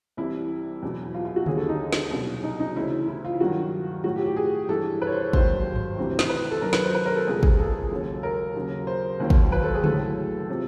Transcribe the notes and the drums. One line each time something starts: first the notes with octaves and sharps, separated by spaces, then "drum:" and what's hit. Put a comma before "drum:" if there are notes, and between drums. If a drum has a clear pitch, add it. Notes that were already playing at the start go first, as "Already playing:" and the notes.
C2 C3 E3 G3 E4
E2 B2 F#3
F4
F4
F#4
D#2 D3 G3 G#4, drum: tom D3
A4
D#4
drum: snare
C2 B2 F#3
D#4
D#4
D2 C#3 E3 E4
E4
F4
G2 D#3 F#3 F#4
A2 F3 F#4
G4
G4
G#4
G2 E3 G3 A4
B4
C#5
C5
C#5
D#2 D#3 F#3 C5, drum: kick
drum: tom G2
D2 C3 E3
drum: snare
B4
A4
F#2 D#3 F#3 A#4
B4, drum: snare
C5
B4
A#4
A4
C#2 B2 G3 G#4
G#4, drum: kick
A4
D#2 C#3 F#3
A#4
D#2 C#3 F#3
C5
D#2 D#3 F#3
drum: kick
B4
A4
G#4
A2 F#3 A4, drum: tom C#3
C3 F3